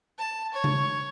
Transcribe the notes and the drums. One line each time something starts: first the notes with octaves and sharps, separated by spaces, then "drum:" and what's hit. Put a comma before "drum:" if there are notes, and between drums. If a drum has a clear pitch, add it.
A5
C#5
drum: tom C#3